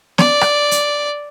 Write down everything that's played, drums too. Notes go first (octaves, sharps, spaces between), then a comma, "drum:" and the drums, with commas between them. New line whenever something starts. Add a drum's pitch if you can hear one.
D5, drum: snare
drum: rim click
drum: hi-hat